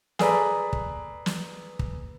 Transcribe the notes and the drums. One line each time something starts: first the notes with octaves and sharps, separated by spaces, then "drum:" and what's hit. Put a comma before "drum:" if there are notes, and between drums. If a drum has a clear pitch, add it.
G#4 A4 B4 D5 A#5 B5, drum: snare
drum: kick
drum: snare
drum: kick